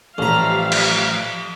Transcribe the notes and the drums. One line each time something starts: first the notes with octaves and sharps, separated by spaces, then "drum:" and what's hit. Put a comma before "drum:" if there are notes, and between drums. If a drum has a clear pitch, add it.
A1 F3 G3 E5 F5 A#5
drum: cymbal